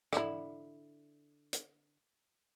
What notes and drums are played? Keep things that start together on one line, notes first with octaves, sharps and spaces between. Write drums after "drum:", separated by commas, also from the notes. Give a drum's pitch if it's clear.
D3 E4, drum: rim click
drum: hi-hat